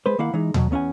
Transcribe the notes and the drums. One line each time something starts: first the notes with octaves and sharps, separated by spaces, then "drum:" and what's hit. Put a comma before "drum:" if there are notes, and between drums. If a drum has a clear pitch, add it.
G#3 B4 C5
D#3 A#3 E4 F5 F#5
E3 G#3 D#4
B2 F#3, drum: tom D#2
E2 B3 C#4 F5 F#5 G#5